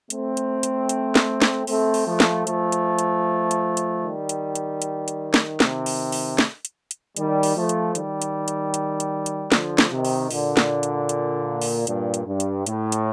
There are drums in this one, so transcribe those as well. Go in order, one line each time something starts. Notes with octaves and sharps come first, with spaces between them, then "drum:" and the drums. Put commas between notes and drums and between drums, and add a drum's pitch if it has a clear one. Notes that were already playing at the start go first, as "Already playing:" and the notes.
A3 C4, drum: hi-hat
drum: hi-hat
drum: hi-hat
drum: hi-hat
drum: snare
drum: snare
A3 C4, drum: open hi-hat
drum: open hi-hat
F3 A3
drum: snare
F3 A3, drum: hi-hat
drum: hi-hat
drum: hi-hat
drum: hi-hat
drum: hi-hat
D#3 G3
drum: hi-hat
drum: hi-hat
drum: hi-hat
drum: hi-hat
drum: snare
C3 D#3, drum: snare
drum: open hi-hat
drum: open hi-hat
drum: snare
drum: hi-hat
drum: hi-hat
D#3 G3, drum: hi-hat
drum: open hi-hat
F3 A3
drum: hi-hat
D#3 G3, drum: hi-hat
drum: hi-hat
drum: hi-hat
drum: hi-hat
drum: hi-hat
drum: hi-hat
D3 F3, drum: snare
drum: snare
C3 D#3
drum: open hi-hat
A#2 D3, drum: open hi-hat
drum: snare
drum: hi-hat
drum: hi-hat
drum: open hi-hat
G2 A#2, drum: hi-hat
drum: hi-hat
G2
drum: hi-hat
A2, drum: hi-hat
drum: hi-hat